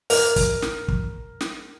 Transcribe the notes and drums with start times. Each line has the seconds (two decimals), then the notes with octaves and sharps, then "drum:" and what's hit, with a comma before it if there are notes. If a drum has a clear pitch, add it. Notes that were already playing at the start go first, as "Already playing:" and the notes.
0.10 A#4, drum: open hi-hat
0.36 drum: kick, hi-hat
0.62 drum: snare
0.88 drum: kick
1.41 drum: snare